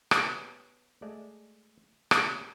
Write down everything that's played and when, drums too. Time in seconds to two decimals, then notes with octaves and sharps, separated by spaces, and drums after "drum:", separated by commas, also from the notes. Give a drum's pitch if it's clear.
0.11 B3 G4 B4 C#5 G5 G#5, drum: rim click
1.02 G#3 A3 D5
2.11 A#3 C4 C#4 G4, drum: rim click